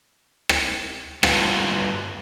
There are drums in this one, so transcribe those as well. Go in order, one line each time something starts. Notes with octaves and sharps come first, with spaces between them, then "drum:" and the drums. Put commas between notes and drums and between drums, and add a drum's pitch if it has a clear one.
drum: rim click
G2 F4 F#4 B4, drum: rim click